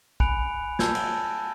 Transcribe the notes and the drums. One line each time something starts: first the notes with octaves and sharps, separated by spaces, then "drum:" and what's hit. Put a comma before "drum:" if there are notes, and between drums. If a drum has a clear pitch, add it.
G#5 B5 F#6 C#7 D7 F7, drum: kick
A5 E6 G6 G#6, drum: snare
drum: cymbal